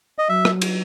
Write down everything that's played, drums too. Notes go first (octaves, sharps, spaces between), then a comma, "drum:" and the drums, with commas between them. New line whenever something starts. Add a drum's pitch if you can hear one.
D#5
F#3 E5
drum: rim click
drum: cymbal